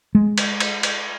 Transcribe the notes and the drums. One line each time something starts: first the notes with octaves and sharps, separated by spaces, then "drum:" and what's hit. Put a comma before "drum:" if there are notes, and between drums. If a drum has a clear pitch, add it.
G#3
drum: cymbal
drum: cymbal
drum: cymbal